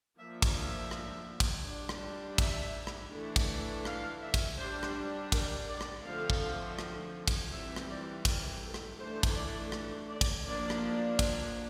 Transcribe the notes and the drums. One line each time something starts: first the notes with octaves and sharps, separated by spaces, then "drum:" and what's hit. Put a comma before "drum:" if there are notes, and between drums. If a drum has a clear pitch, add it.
F3 A#3 D4 E5
drum: kick, cymbal
E5
drum: rim click
drum: kick, cymbal
G3 D4
drum: rim click
E5, drum: kick, cymbal
drum: rim click
E3 A3 D4
drum: kick, cymbal
F5, drum: rim click
E5
drum: kick, cymbal
G3 D4 C5
drum: rim click
A#4, drum: kick, cymbal
D5
drum: rim click
D3 F3 A3 C4 F5
drum: kick
drum: rim click
drum: kick, cymbal
E3 G3 C4 E5
drum: rim click
D5
A#4, drum: kick, cymbal
A4
drum: rim click
E3 A3 D4 C5
drum: kick, cymbal
D5
drum: rim click
D5
drum: kick, cymbal
F3 A#3 D4 D5
drum: rim click
drum: kick, cymbal